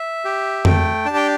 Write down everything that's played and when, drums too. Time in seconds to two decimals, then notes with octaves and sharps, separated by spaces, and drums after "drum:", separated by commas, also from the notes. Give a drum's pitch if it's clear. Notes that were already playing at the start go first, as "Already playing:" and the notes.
Already playing: E5
0.25 G4
0.65 A3 G5, drum: tom F2
1.05 D4 G4 A5
1.16 G5